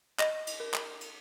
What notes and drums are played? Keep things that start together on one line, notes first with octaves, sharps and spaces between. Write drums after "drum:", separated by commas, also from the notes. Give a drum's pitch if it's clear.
D#5, drum: clap
drum: cymbal
A#4
drum: clap
drum: cymbal